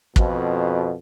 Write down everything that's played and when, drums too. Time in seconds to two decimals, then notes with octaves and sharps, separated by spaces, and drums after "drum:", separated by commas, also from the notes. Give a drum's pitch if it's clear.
0.16 F2 B2, drum: kick